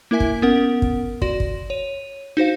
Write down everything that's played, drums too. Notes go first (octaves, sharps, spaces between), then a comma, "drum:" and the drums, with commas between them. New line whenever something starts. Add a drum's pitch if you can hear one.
A#3 E4 A#4 E5 G#5 B6
drum: kick
B3 C#4 A#4 F#5
drum: kick
F#4 D5 C6, drum: kick
drum: kick
C#5 D#7
D#4 F#4 C5 F5